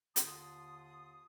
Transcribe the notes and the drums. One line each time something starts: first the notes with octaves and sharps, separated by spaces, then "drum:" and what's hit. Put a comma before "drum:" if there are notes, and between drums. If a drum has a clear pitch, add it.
D#2 D3 F4 A5 C6 D#6, drum: hi-hat